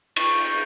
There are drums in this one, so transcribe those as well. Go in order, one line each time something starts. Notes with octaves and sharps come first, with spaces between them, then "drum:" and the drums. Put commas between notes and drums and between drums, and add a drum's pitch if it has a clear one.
C#6, drum: cymbal